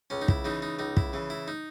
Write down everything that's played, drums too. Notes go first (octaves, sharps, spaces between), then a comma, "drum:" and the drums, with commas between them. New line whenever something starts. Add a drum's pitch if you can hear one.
C#2 C#4
D#4
E4, drum: kick
C#3 E3 D#4
D#4
C#2 D#4
E4, drum: kick
C#3 E3
E4
D#4